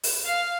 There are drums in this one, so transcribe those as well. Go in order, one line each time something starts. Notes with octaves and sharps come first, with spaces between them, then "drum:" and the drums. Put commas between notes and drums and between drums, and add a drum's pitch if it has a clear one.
drum: open hi-hat
F5